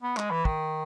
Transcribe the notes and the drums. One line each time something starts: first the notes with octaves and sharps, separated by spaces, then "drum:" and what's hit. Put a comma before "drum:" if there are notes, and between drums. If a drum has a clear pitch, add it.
B3
G#3, drum: clap
E3
D#3, drum: kick